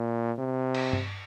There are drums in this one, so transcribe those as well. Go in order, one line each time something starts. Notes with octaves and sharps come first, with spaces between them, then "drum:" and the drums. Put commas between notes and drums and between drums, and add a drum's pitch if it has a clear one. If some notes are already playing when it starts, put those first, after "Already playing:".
Already playing: A#2
C3
drum: cymbal
drum: tom G2